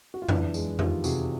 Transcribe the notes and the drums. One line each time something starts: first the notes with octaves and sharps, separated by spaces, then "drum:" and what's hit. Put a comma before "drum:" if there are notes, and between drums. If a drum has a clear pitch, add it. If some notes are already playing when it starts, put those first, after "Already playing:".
F#4
F4
E2 D4 E4, drum: tom F2
G#3, drum: tambourine
D#3 F4 G4, drum: tom F2
C3 F#4 G#4, drum: tambourine